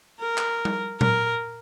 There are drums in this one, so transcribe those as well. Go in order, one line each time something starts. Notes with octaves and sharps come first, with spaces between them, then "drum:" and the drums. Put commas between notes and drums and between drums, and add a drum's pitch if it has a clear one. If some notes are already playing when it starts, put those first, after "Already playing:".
A#4
drum: clap
drum: tom G3
A#4, drum: tom A#2